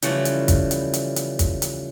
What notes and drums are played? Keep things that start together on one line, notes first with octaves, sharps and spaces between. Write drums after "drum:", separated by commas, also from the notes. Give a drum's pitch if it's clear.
C#3 E3 F3 G3 A3 B3, drum: hi-hat
drum: hi-hat
drum: kick, hi-hat
drum: hi-hat
drum: hi-hat
drum: hi-hat
drum: kick, hi-hat
drum: hi-hat